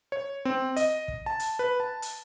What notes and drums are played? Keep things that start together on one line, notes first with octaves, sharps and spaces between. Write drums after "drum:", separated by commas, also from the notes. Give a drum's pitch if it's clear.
C#5
C4
D#5, drum: hi-hat
drum: kick
A5
drum: hi-hat
B4
A5
drum: hi-hat